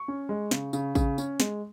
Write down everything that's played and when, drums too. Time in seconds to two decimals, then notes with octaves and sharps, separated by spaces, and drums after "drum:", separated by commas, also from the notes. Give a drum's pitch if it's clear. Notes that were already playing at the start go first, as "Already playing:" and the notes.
Already playing: C#6
0.08 C#4
0.29 G#3
0.51 C#3, drum: snare
0.73 C#3, drum: tambourine
0.95 C#3, drum: kick A1, tambourine
1.18 C#4, drum: tambourine
1.40 G#3, drum: snare